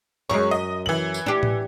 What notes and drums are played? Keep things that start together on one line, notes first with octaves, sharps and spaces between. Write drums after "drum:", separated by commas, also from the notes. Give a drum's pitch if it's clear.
F#2 G#3 C#5 C#6
D#5
E3 F#7
drum: tambourine
D4 G4
drum: tom A2